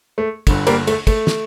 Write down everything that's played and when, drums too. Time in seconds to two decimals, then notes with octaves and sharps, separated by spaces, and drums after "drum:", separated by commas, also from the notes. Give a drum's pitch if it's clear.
0.18 A3
0.47 G1 G2 D3, drum: kick, cymbal
0.67 G3 A#3, drum: cymbal
0.87 A3, drum: cymbal
1.07 A3, drum: kick, cymbal
1.27 drum: snare